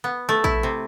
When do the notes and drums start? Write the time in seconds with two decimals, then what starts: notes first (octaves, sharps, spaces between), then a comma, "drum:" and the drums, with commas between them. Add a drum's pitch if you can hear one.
0.04 B3
0.29 A3
0.44 E4, drum: kick
0.63 C3